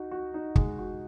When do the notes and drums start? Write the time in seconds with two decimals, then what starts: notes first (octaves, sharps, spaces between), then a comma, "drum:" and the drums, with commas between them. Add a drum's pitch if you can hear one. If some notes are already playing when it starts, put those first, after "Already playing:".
Already playing: D#4 F#4
0.11 F#4
0.34 D#4
0.56 G#3, drum: kick
0.79 F#4